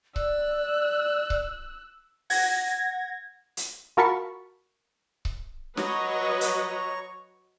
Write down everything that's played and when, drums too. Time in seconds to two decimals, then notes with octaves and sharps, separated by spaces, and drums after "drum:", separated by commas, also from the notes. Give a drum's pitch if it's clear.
0.16 D5 E6 F#6, drum: kick C#1
1.30 drum: kick C#1
2.30 F#5 G#6 A#6, drum: open hi-hat
3.57 drum: hi-hat
3.97 F4 F#4 A#4 A5 B5 C#6
5.25 drum: kick C#1
5.77 F#3 B4 C#5 D#5 A#5 C#6, drum: snare
6.41 drum: hi-hat